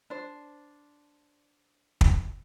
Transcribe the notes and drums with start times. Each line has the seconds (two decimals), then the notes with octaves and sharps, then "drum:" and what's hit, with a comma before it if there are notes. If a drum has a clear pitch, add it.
0.10 D4 C5
2.01 drum: kick